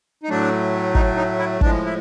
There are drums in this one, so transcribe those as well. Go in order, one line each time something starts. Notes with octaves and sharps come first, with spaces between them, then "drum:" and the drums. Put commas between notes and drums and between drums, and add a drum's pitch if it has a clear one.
D#4
A2 F#3 A3 D4
D#4, drum: kick
D#4
E4
A2 F3 G#3 D4, drum: kick
E4